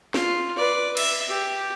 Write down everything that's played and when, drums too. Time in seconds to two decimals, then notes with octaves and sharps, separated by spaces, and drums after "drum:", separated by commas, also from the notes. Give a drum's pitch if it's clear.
0.14 F4, drum: snare
0.57 B4 D5
0.97 E5, drum: cymbal
1.28 G4